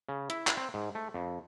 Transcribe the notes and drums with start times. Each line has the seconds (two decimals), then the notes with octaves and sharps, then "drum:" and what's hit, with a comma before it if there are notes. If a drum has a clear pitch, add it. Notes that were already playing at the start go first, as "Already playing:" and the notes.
0.09 C#3
0.30 E4, drum: hi-hat
0.47 drum: clap
0.57 C4
0.74 G#2
0.95 A3
1.14 F2